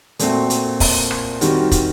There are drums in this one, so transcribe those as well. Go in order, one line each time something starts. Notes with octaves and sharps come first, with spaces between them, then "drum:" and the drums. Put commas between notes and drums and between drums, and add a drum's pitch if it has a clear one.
A#2 A3 C4 F#4, drum: hi-hat
drum: hi-hat
drum: kick, open hi-hat
drum: rim click
D#3 G3 C4 F#4 A#4, drum: hi-hat
drum: kick, hi-hat